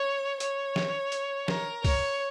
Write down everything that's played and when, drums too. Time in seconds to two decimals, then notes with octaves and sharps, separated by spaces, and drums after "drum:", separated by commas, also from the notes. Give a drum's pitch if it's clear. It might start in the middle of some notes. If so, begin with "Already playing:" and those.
Already playing: C#5
0.40 C#5, drum: hi-hat
0.76 drum: snare
1.12 drum: hi-hat
1.48 A#4, drum: snare
1.85 C#5, drum: kick, open hi-hat